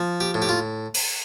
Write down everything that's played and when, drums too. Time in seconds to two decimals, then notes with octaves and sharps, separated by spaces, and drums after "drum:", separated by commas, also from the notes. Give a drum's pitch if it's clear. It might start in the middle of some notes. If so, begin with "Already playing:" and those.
Already playing: F3
0.20 G4
0.34 A2
0.42 G4
0.49 F4
0.94 drum: open hi-hat